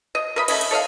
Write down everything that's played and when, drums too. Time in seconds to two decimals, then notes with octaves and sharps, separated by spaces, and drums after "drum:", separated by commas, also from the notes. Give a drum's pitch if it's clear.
0.15 D#5
0.36 A#4 D#5 B5
0.48 A3 C#4 D#5, drum: cymbal
0.61 drum: cymbal
0.71 A4 C#5 D#5 F5